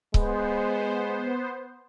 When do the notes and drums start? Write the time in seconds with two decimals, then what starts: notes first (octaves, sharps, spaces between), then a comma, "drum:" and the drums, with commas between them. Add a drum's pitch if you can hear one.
0.14 G#3 B3 C5, drum: kick C#1